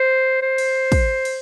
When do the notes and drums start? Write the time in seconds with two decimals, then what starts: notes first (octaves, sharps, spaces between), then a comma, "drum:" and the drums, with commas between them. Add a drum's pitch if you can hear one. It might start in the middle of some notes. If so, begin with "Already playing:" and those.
Already playing: C5
0.42 C5
0.58 drum: cymbal
0.92 drum: kick, cymbal
1.25 drum: cymbal